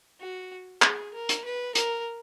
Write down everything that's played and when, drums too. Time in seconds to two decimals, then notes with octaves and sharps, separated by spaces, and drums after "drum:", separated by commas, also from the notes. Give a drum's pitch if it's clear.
0.20 F#4
0.82 G#4, drum: clap
1.14 A#4
1.29 drum: hi-hat
1.45 B4
1.75 A#4, drum: hi-hat